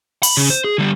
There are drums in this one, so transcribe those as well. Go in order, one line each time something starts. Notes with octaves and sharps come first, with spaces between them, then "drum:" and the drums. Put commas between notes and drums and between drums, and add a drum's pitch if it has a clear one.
B5, drum: open hi-hat
C#3
C5
G#4
D3 G3